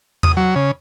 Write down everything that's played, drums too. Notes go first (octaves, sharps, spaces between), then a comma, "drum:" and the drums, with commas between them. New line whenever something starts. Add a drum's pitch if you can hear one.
D#6, drum: tom E2
F#3
C#3